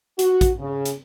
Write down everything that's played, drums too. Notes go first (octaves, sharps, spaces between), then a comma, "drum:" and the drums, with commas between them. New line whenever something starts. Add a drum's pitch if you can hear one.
F#4, drum: hi-hat
drum: kick, hi-hat
C#3
drum: hi-hat